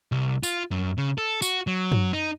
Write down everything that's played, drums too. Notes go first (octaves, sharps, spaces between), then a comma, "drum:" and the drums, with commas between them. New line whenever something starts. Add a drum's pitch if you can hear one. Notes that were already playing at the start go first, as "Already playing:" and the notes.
C2
F4, drum: tambourine
F#2
C#3
A4
F#4, drum: tambourine
F#3
drum: tom F#2
D#4